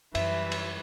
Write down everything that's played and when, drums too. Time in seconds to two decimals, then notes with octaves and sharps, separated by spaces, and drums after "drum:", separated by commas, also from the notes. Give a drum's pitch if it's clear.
0.15 F#2 E3 G3 E5, drum: cymbal
0.52 drum: cymbal